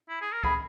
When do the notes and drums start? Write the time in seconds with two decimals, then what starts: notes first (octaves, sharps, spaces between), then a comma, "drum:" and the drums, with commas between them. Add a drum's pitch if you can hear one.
0.09 E4
0.21 G#4
0.33 A#4
0.44 G#4 B5, drum: kick C#2